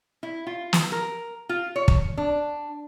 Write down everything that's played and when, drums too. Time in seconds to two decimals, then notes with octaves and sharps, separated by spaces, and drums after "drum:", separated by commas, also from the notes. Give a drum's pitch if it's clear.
0.23 E4
0.47 F4
0.73 drum: snare
0.92 A#4
1.49 F4
1.76 C#5
1.88 drum: kick
2.17 D4